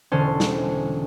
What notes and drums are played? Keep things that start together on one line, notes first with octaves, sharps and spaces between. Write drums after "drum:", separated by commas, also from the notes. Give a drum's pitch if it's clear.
E1 D3 C#4 C5 A5
drum: snare